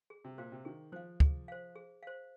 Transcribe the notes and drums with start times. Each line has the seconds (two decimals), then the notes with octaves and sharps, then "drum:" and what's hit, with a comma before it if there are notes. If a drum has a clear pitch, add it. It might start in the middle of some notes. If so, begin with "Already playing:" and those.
0.10 G#4
0.24 C3
0.38 A#2 C5 F5
0.52 C3
0.65 D#3 G#4
0.92 F3 C5 F5
1.20 G#4, drum: kick
1.48 C5 F5
1.76 G#4
2.03 C5 F5